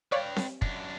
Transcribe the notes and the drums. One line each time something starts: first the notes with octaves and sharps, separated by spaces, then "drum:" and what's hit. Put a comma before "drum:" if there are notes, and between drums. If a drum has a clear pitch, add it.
B4 C#5 D5 F5 G5
drum: snare C4
F#2 D4, drum: kick